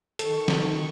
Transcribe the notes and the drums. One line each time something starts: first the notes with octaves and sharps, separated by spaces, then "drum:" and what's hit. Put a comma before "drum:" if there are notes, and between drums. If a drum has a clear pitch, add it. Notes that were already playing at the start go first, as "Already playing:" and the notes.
D#3 A4 C#6, drum: hi-hat
drum: snare